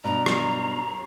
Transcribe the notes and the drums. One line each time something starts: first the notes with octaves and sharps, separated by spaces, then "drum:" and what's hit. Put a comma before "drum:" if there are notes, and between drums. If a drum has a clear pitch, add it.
G2 B2 A#5
drum: rim click